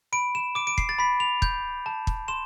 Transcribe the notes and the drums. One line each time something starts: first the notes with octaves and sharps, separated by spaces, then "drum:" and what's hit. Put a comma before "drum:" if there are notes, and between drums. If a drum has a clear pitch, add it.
B5 D7
E7
D6 D7
D7
C7, drum: kick
A6
B5 B6
F7
G6, drum: kick
A5
drum: kick
C6 E7